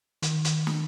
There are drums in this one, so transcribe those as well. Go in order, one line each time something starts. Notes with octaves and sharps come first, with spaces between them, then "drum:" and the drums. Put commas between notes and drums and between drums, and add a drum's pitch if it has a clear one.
D#3, drum: hi-hat
drum: hi-hat
drum: snare